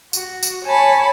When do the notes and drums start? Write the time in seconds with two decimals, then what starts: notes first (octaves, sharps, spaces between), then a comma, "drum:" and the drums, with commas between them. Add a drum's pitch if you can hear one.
0.13 F#4, drum: tambourine
0.43 drum: tambourine
0.65 C#5 G#5 A5 B5